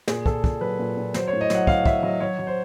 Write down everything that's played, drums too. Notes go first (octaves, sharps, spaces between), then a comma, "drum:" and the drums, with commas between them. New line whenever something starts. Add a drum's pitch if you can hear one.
A#2 G#4, drum: snare
A#2 A4, drum: kick
A#2, drum: kick
F#3 B4
A#2
A#2
F#3 C5, drum: snare
C#5
A2
D#5
F#3, drum: snare
F#5
A2 F5, drum: kick
F#3 E5, drum: kick
F#3 D#5
F#3 C#5
F#3
C5